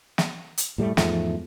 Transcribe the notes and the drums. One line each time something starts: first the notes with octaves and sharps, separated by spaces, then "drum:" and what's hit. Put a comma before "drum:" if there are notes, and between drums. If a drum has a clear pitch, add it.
drum: snare
drum: hi-hat
A2 G3 A3
E2 G#2 F3 A3, drum: snare